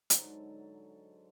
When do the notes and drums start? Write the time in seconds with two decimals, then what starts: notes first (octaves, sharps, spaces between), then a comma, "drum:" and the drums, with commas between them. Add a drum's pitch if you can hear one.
0.10 G#2 D3 F#3 A4, drum: hi-hat